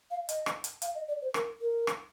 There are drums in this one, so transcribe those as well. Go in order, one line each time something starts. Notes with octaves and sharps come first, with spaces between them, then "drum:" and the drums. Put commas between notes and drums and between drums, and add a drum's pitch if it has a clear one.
F5
D#5, drum: hi-hat
drum: rim click
drum: hi-hat
F5, drum: hi-hat
D#5
D5
C5
A#4, drum: rim click
A#4
drum: rim click